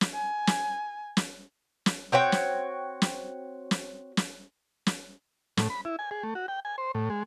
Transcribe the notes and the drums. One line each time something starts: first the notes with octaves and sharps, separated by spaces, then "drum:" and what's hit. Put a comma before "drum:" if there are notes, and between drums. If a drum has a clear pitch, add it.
drum: snare
G#5
drum: snare
drum: snare
drum: snare
C4 F#4 C#5 G5
drum: snare
drum: snare
drum: snare
drum: snare
drum: snare
A2, drum: snare
B5
E4
G#5
G#4
A3
F#4
G5
G#5
C5
A2
G#3